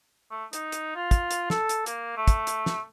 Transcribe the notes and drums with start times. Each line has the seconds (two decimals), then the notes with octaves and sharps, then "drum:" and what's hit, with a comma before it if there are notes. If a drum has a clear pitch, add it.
0.31 A3
0.53 D#4, drum: hi-hat
0.72 drum: hi-hat
0.95 F4
1.11 drum: kick, hi-hat
1.31 drum: hi-hat
1.50 A4, drum: snare
1.69 drum: hi-hat
1.86 A#3, drum: hi-hat
2.17 A3
2.28 drum: kick, hi-hat
2.47 drum: hi-hat
2.66 drum: snare